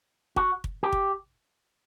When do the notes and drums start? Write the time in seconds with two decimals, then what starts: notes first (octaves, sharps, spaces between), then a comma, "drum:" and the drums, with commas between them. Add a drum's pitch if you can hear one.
0.36 F#4, drum: kick
0.64 drum: kick
0.83 G4
0.92 drum: kick